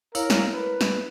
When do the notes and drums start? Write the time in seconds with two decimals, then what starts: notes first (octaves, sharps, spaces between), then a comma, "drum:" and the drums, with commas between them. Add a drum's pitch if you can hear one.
0.15 E4 A#4 C#5 F5, drum: tambourine
0.30 drum: snare
0.53 B4
0.81 drum: snare